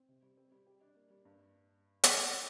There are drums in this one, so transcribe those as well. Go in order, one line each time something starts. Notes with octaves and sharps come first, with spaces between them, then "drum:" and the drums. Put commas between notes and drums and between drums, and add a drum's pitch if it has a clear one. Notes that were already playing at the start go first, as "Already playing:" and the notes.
Already playing: C4
C3
G3
C4
G3
G4
D4
A#3
G3
G2
drum: hi-hat